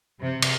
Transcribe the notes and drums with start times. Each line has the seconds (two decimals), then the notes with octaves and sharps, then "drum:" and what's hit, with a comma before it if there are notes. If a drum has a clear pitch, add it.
0.20 C3
0.42 drum: cymbal